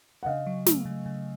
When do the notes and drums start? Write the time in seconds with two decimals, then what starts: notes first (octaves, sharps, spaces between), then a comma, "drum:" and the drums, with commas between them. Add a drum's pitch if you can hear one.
0.23 F#5
0.26 C#3 D#5 F5
0.46 F#3
0.66 A3, drum: snare
0.85 C#3
1.06 C#3